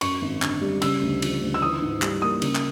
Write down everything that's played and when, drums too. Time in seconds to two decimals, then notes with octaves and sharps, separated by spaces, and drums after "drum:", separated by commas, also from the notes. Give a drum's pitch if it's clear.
0.01 F#2 C#6, drum: cymbal
0.22 G#1
0.42 D3, drum: clap
0.61 G3
0.82 C#3 E6, drum: cymbal
1.02 D2
1.22 F3, drum: cymbal
1.41 D2
1.54 E6
1.62 E3 D#6
1.82 G#2
2.02 G3, drum: clap
2.22 A#3 D#6
2.42 C#3, drum: cymbal
2.55 drum: clap